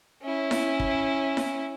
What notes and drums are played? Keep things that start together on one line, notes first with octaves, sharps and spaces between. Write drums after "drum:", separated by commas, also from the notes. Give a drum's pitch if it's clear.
C#4 E4
drum: snare E4
drum: kick
drum: snare E4